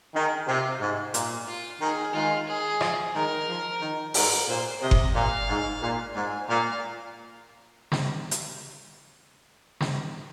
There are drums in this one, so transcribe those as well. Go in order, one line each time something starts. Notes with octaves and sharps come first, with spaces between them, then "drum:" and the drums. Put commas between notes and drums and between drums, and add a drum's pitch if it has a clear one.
D#3 G#4
C3 F4
G#2
A#2, drum: hi-hat
F4
D#3 G#4
D#3 G#3 F4
G#4
F3, drum: rim click
D#3 G#3 A#4
F3
D#3
G#2 A#4, drum: open hi-hat
A#2 C5
C3 D#5
drum: kick F#1
A#2 F5
G#2
A#2
G#2 G#5
A#2 F5
drum: snare
drum: hi-hat
drum: snare